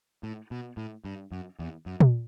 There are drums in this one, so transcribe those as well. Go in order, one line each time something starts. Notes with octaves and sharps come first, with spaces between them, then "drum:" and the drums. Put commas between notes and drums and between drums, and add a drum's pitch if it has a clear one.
A2
B2
A2
G2
F#2
E2
F#2
drum: tom A#2